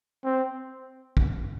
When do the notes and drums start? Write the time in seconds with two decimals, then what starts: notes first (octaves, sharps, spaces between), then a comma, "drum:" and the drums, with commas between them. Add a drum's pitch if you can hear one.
0.25 C4
1.17 drum: kick